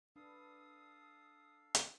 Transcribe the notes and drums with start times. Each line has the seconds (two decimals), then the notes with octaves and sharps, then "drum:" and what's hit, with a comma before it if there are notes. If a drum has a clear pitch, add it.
0.16 D4 A4 B4 F5 D#6
1.75 drum: hi-hat